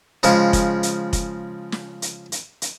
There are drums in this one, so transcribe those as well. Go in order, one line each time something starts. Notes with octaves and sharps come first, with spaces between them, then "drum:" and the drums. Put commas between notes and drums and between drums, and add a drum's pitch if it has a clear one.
C#3 F3 G#3, drum: hi-hat
drum: kick F1, hi-hat
drum: hi-hat
drum: kick F1, hi-hat
drum: snare
drum: hi-hat
drum: hi-hat
drum: hi-hat